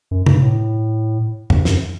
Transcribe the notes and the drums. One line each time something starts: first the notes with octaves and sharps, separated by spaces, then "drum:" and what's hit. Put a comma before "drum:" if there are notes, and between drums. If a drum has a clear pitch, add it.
F#2
G2, drum: tom C3
A2
G2, drum: tom E2
F#2, drum: snare